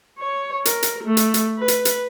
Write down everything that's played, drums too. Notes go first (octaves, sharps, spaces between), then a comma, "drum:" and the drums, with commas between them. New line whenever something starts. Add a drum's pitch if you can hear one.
C#5
A#4, drum: hi-hat
drum: hi-hat
A3
drum: hi-hat
drum: hi-hat
B4
drum: hi-hat
drum: hi-hat